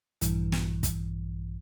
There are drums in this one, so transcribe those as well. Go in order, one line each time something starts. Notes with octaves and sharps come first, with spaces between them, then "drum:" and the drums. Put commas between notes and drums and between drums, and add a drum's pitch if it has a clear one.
A#1 G2 E3, drum: hi-hat
drum: snare
drum: kick, hi-hat